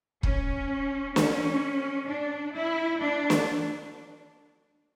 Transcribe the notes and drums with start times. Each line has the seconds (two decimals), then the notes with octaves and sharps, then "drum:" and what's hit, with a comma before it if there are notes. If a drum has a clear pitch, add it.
0.23 C#4, drum: kick
1.16 C#4, drum: snare
2.08 D4
2.55 E4
3.01 D4
3.30 drum: snare